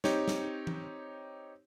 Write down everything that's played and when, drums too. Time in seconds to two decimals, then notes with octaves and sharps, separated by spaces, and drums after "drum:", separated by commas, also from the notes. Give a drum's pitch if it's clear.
0.04 C4 D#4 G4 C#5, drum: snare
0.28 drum: snare
0.67 drum: tom